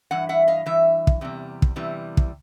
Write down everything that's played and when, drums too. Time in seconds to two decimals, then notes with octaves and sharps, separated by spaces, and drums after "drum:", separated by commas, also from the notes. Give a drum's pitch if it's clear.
0.11 G2 E3 F#5
0.29 E5 F#5
0.48 D#5 F5
0.66 G2 E3 E5
1.07 drum: kick
1.21 E2 C3 G3
1.62 drum: kick
1.76 E2 C3 E3 G3
2.17 drum: kick